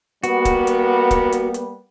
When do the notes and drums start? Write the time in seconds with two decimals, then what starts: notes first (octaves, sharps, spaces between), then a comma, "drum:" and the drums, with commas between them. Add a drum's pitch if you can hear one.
0.23 G3 A#3 B3 F#4, drum: hi-hat
0.45 drum: kick C#1, hi-hat
0.67 drum: hi-hat
1.11 drum: kick C#1, hi-hat
1.32 drum: hi-hat
1.54 drum: hi-hat